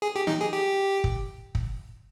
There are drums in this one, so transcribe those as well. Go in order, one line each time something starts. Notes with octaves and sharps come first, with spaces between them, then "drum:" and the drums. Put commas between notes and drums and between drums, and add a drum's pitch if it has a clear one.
G#4
G4
D#4, drum: snare
G#4
G4
drum: kick
drum: kick